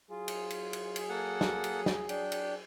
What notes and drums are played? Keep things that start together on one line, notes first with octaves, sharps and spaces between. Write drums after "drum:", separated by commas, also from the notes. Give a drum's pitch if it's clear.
F#3 F4 G#4
drum: cymbal
drum: cymbal
drum: cymbal
drum: cymbal
A#3 A4 F#5
drum: snare
drum: cymbal
drum: snare
D4 G5, drum: cymbal
drum: cymbal